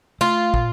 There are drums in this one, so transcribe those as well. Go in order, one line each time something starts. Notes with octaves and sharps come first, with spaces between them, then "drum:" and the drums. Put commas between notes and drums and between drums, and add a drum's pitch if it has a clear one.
A3 F4
A#2, drum: kick